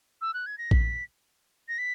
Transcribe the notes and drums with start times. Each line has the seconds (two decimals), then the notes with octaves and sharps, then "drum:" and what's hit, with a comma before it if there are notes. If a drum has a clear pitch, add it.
0.21 E6
0.34 F#6
0.46 G#6
0.58 A#6
0.71 B6, drum: kick A#1
1.68 A#6
1.78 B6